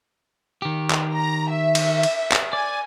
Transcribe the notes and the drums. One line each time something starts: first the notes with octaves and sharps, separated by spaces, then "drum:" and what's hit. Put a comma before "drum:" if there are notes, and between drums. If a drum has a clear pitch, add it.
D#3 G4
drum: clap
A#5
E5
drum: cymbal
drum: cymbal
drum: clap
D5 G#5